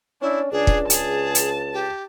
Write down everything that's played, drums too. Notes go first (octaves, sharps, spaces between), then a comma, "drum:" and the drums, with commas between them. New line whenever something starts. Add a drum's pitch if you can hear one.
C#4 D4 E4
C#2 D4 G#4
drum: kick
G#4 A5, drum: hi-hat
drum: hi-hat
G4